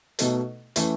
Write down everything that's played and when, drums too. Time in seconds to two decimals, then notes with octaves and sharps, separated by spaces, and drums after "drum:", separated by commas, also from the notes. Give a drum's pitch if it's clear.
0.19 B2 A3 D#4 A4, drum: hi-hat
0.76 E3 A3 C#4 E4, drum: hi-hat